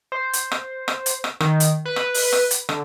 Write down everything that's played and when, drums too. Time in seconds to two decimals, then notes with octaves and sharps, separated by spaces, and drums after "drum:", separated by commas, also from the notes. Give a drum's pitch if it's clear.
0.12 C5
0.33 drum: hi-hat
0.52 drum: rim click
0.88 drum: rim click
1.06 drum: hi-hat
1.24 drum: rim click
1.40 D#3, drum: rim click
1.60 drum: hi-hat
1.86 B4
1.96 drum: rim click
2.14 drum: open hi-hat
2.33 drum: rim click
2.51 drum: hi-hat
2.69 D3, drum: rim click